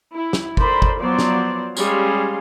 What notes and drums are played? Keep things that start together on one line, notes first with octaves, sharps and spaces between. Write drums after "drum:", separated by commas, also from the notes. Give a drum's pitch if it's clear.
E4
drum: snare
A4 A#4 C5 D5 B5, drum: kick
drum: kick
F3 F#3 B3 C5 D5
drum: snare
G3 G#3 C#4 G#4 F5 C6, drum: tambourine